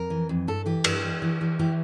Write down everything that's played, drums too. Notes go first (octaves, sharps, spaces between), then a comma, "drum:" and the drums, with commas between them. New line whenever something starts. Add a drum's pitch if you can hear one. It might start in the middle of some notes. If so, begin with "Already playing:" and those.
Already playing: F2 A#4
E3
F2
G2 A4
E3 G4
G2, drum: cymbal
E3
E3
E3
E3 G4